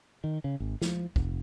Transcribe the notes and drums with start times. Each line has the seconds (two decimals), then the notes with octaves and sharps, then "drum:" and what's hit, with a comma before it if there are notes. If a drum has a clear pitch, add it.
0.24 D#3
0.44 C#3
0.60 G#1
0.81 F3, drum: snare
1.16 F1, drum: kick